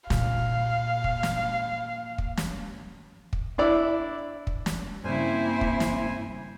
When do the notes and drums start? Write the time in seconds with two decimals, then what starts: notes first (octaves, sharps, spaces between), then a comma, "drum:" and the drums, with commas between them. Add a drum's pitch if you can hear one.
0.10 A#2 F5, drum: snare
1.04 drum: kick
1.23 drum: snare
2.18 drum: kick
2.37 drum: snare
3.33 drum: kick
3.58 D4 E4 D5 E5
4.47 drum: kick
4.66 drum: snare
5.04 G2 A#2 C#3 A#3 C4 E4 C5 G#5
5.61 drum: kick
5.80 drum: snare